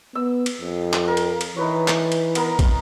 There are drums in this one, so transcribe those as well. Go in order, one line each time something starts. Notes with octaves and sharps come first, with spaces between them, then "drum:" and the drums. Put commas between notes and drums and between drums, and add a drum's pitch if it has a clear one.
B3 E6
drum: cymbal
F2
drum: clap
A#4
drum: cymbal
drum: cymbal
E3 D#4 B4 C#5
drum: clap
drum: cymbal
B3 A#4 A#5, drum: cymbal
drum: kick, cymbal